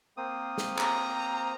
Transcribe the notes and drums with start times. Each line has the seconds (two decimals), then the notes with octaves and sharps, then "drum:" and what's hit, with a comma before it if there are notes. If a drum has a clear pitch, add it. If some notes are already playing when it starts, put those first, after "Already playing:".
0.17 A#3 C4 D#6
0.58 drum: snare
0.78 A#5, drum: clap